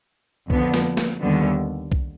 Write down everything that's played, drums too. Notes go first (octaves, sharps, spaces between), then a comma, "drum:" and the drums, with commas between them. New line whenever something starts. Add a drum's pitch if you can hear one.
F2 D3 F3 B3, drum: kick B1
drum: snare
drum: snare
D#2 D3 G3 B3
drum: kick B1